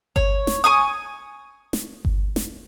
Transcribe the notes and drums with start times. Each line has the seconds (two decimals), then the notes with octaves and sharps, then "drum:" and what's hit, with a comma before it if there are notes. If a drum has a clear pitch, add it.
0.16 C#5, drum: kick G1
0.47 drum: snare
0.64 G#5 C#6 D#6
1.73 drum: snare
2.05 drum: kick G1
2.36 drum: snare